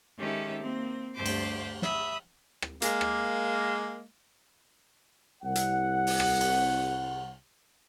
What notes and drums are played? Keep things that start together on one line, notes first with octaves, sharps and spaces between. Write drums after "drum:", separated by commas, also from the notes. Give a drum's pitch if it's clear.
D#3 G#3 C#4 G4 A4 E5
A#3 C4
D2 G2 G4 C5 C6 D6
drum: cymbal
E5 B5 D#6, drum: snare
drum: rim click
G#3 A#3, drum: hi-hat
drum: rim click
C2 F#5
drum: hi-hat
drum: open hi-hat
drum: rim click
drum: cymbal